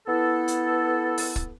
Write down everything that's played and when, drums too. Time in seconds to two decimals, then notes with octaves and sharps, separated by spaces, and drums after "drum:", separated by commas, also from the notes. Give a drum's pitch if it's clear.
0.07 B3 E4 A4
0.48 drum: hi-hat
1.18 drum: open hi-hat
1.36 drum: kick C#1